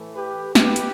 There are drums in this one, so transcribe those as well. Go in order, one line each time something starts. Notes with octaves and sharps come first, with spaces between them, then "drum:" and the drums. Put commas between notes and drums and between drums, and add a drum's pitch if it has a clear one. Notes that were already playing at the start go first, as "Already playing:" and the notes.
Already playing: A2 E3 A3
G4 B4
G4 B4, drum: snare
drum: hi-hat